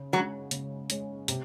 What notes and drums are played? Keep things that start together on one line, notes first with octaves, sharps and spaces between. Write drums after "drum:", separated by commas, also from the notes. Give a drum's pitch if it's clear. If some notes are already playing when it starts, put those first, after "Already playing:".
Already playing: C#3
F#3 G#3 C#4
C#3, drum: hi-hat
G#3 C#4, drum: hi-hat
C3, drum: hi-hat